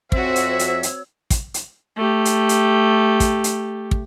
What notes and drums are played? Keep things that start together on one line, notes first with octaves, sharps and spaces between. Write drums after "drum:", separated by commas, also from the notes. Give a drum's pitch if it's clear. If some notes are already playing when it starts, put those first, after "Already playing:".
F2 F3 C4 F#4 C#5 E5 E6 G#6, drum: kick
drum: hi-hat
drum: hi-hat
drum: hi-hat
drum: kick, hi-hat
drum: hi-hat
A3 G4
drum: hi-hat
drum: hi-hat
drum: kick, hi-hat
drum: hi-hat
drum: kick